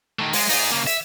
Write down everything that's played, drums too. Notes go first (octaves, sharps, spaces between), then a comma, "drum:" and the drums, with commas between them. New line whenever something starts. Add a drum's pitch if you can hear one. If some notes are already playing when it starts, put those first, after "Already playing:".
D#3 A3
G#3, drum: open hi-hat
D#4 G#4, drum: open hi-hat
C#3 A#3
E5, drum: hi-hat